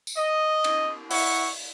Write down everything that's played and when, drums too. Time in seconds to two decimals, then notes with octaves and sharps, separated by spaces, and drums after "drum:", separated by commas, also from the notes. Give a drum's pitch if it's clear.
0.07 drum: tambourine
0.17 D#5
0.64 drum: cymbal
1.11 E4 F#5 C#6, drum: open hi-hat